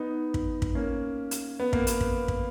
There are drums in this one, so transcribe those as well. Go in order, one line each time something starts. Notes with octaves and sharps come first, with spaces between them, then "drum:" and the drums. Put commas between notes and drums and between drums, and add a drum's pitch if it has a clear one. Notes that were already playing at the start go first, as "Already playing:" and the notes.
Already playing: B3 D#4
drum: kick
drum: kick
A#3 C#4
drum: hi-hat
B3
A#3, drum: kick
B3, drum: hi-hat
drum: kick
drum: kick